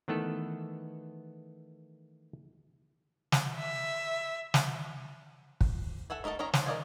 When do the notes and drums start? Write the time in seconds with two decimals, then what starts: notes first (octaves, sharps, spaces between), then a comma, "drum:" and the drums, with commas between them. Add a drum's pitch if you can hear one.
0.08 D#3 E3 A3 B3 A4
3.32 drum: snare
3.58 E5
4.54 drum: snare
5.61 drum: kick
6.10 A4 E5 F#5 G#5
6.24 A3 D#4 A#4 D#5 A5
6.39 D#3 C#4 A#4 D#5 A#5
6.53 C#4 C5 A5, drum: snare
6.66 A#4 D5 D#5 F5 G#5